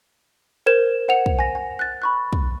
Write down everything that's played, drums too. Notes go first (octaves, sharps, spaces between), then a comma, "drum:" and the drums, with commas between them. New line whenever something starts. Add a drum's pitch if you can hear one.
A#4 C5 G#6 E7
C5 F#5 C#7 F7
drum: kick
G#5 A#6
G#5
F#6 A6
B5 C#6 F#6
drum: kick